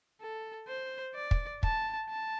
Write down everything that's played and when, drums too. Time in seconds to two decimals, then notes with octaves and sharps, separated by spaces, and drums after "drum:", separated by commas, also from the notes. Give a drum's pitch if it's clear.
0.21 A4
0.68 C5
1.15 D5
1.31 drum: kick
1.63 A5, drum: kick
2.10 A5